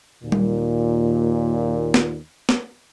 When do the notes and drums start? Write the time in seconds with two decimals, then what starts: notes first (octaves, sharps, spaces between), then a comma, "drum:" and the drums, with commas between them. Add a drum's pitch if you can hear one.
0.23 D#2 A#2
0.32 drum: tom G3
1.94 drum: snare
2.49 drum: snare